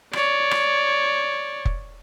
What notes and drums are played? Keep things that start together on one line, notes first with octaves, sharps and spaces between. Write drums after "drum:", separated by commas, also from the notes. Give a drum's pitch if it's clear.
C#5 D5, drum: rim click
drum: rim click
drum: kick F1